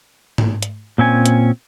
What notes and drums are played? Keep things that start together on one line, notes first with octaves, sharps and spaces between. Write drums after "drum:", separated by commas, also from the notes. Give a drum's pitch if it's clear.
drum: tom G#2
drum: hi-hat
A#2 C4 C#4 G#5
drum: hi-hat